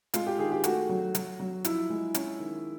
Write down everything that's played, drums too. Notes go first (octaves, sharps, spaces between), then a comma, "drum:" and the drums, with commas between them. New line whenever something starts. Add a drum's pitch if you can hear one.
G#3 F4, drum: hi-hat
G4
D#3 G#4
G4
A3 F#4, drum: hi-hat
F#3
F#3, drum: hi-hat
F#3
F3 E4, drum: hi-hat
G#3
C#4, drum: hi-hat
D#3